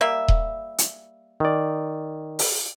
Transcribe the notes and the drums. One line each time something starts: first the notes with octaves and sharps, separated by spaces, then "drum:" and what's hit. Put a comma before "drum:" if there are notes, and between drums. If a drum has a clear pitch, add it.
G3 A#3 E5
drum: kick D#1
drum: hi-hat
D#3 D5
drum: open hi-hat